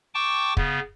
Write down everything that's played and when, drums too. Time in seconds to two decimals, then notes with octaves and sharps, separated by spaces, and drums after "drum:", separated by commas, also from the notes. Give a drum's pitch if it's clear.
0.14 G5 A5 C#6 D6
0.57 C#3 B3, drum: kick